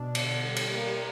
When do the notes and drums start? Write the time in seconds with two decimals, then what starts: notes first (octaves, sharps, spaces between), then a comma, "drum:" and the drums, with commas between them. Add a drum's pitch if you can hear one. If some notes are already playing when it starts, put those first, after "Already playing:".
Already playing: B2 D4
0.15 D3, drum: cymbal
0.42 G3
0.56 drum: cymbal
0.70 A#3